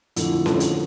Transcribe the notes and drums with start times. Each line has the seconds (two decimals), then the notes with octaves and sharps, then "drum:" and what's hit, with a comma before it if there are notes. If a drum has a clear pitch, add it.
0.16 F2 D3 F3 A3 E4, drum: hi-hat
0.46 F2 D3 F3 A3, drum: snare C#4
0.60 drum: hi-hat